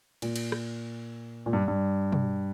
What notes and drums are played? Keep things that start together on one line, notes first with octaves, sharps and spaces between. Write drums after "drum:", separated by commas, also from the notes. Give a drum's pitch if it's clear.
A#2, drum: cymbal
drum: cymbal
drum: rim click
A#2
G2
G2
drum: tom B2